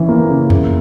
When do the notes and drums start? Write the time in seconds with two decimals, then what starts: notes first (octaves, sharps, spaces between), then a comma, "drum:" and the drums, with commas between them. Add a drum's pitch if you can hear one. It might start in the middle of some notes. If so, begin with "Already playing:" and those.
Already playing: E3 C#4
0.09 A#3
0.29 C#3
0.50 A#3, drum: tom E2